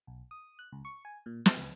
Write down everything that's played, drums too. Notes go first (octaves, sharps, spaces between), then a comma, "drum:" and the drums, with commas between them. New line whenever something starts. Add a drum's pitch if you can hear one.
B1
D#6
F#6
C#2
C#6
G#5
A#2
E2, drum: snare
C#2